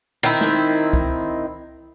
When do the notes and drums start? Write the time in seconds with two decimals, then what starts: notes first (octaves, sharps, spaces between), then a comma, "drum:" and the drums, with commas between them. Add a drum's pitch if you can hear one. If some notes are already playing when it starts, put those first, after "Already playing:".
0.23 D#3 C4 E4
0.41 drum: snare
0.93 drum: kick C2